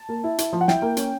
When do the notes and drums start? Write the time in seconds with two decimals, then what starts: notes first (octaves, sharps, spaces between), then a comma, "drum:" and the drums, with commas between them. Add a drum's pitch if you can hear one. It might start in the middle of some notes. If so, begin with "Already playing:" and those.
Already playing: A5
0.09 A#3
0.24 E4
0.38 E4, drum: hi-hat
0.53 F3
0.61 F#5
0.68 E4 G5, drum: snare
0.82 A#3
0.97 C#4, drum: hi-hat